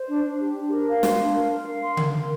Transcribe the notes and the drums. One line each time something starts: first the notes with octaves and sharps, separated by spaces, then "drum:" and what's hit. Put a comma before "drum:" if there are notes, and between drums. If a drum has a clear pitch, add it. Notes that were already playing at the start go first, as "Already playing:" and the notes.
Already playing: C5
D4
D4
G4
D4
A#4
F5
C6, drum: snare
D4
A#4
A#4
F5
C6
A#4, drum: tom C#3
A#4